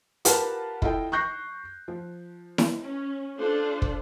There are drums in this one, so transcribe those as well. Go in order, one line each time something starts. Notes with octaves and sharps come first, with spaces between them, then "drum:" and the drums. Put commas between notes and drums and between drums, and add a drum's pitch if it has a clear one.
F4 G4 A#4 B4 F#5 A5, drum: hi-hat
E4 F4 A4 D#5 G5, drum: kick
C#6 F#6 G6 A#6 C7
F3
drum: snare E4
C#4
D4 F4 A4 C5
drum: kick